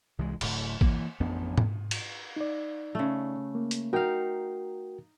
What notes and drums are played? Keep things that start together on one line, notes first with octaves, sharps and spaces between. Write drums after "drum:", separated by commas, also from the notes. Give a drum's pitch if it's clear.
C2 E3 G#3
D1 A2, drum: cymbal
E3 A#3, drum: kick G#1
A1 F2 B3 D4
drum: tom G#2
drum: cymbal
D#4 D5
C#3 A3
A#3
drum: hi-hat
D#4 F#4 A#4 F5 G5